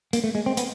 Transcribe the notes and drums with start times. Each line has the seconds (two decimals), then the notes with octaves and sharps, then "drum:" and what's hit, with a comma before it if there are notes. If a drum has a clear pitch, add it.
0.13 A#3, drum: hi-hat
0.24 A3
0.35 G#3
0.46 C4
0.57 B3, drum: hi-hat